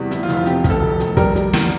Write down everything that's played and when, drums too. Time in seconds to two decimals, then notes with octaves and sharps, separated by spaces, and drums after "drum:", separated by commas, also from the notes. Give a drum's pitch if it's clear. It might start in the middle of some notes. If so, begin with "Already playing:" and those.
Already playing: E2 C3 G3
0.11 F1 E4, drum: hi-hat
0.23 F4
0.29 F1, drum: hi-hat
0.35 F4
0.46 C3 G4, drum: hi-hat
0.64 F1, drum: kick, hi-hat
0.70 A4
0.82 F1
1.00 F1, drum: hi-hat
1.17 G3 A#4, drum: kick, hi-hat
1.36 G3, drum: hi-hat
1.53 E2, drum: snare